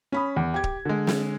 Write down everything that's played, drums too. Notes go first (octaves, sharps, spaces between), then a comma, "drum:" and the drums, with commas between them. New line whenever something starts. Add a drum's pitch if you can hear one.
C#4 B5 D#6
E2
G4 G#6
drum: kick
D3 G#3
drum: snare